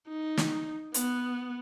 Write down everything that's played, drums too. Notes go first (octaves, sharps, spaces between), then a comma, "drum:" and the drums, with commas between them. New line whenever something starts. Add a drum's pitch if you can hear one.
D#4
drum: snare
B3, drum: hi-hat